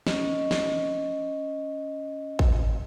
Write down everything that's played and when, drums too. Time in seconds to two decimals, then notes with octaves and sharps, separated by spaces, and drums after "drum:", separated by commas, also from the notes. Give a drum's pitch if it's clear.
0.07 C#4 D#5, drum: snare
0.51 drum: snare
2.39 drum: kick G#1